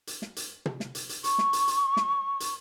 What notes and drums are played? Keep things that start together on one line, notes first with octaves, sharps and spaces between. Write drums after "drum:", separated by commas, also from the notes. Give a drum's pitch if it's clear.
drum: hi-hat
drum: snare
drum: hi-hat
drum: tom
drum: snare
drum: hi-hat
drum: hi-hat
C#6, drum: hi-hat
drum: snare
drum: hi-hat
drum: hi-hat
drum: snare
drum: hi-hat